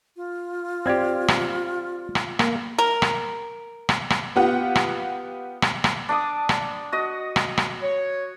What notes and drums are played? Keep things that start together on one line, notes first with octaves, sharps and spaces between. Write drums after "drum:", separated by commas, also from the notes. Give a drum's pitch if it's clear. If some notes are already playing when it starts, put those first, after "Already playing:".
F4
C4 G4 D5 G#6
drum: rim click
drum: rim click
A#3, drum: rim click
A#4
drum: rim click
drum: rim click
drum: rim click
B3 F4 G4 F#5
drum: rim click
drum: rim click
drum: rim click
D4 D6 D#6
drum: rim click
F#4 D#5
drum: rim click
drum: rim click
C#5